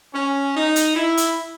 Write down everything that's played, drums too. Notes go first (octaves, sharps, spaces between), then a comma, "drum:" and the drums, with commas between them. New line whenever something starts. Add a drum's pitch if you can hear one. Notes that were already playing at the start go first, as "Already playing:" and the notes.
C#4
D#4
drum: hi-hat
E4
drum: hi-hat